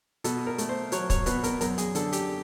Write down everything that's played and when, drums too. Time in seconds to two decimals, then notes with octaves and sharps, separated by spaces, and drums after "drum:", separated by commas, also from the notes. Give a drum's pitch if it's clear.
0.24 B2 A4, drum: hi-hat
0.47 A#4
0.58 A3, drum: hi-hat
0.69 C5
0.92 F#3 C#5, drum: hi-hat
1.10 C#5, drum: kick, hi-hat
1.26 B2 B4, drum: hi-hat
1.44 A#4, drum: hi-hat
1.61 F#2 A#4, drum: hi-hat
1.78 G#4, drum: hi-hat
1.95 D3 A4, drum: hi-hat
2.13 G4, drum: hi-hat